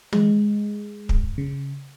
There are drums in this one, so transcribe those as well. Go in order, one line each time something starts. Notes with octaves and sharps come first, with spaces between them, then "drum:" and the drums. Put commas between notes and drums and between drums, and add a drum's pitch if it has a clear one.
G#3, drum: tom
drum: kick
C#3